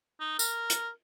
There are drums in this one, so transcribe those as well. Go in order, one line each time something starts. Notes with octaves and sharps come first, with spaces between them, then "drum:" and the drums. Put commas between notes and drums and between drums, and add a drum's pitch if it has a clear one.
D#4
A#4, drum: tambourine
drum: hi-hat